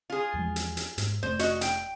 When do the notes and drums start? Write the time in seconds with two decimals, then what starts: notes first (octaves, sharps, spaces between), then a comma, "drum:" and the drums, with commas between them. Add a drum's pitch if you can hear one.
0.10 F4 G#4
0.34 E2 F3 G#3
0.56 drum: hi-hat
0.77 drum: hi-hat
0.98 G#2 G#3, drum: hi-hat
1.23 F1 A3 C5
1.39 F#4 D#5, drum: hi-hat
1.61 G5, drum: hi-hat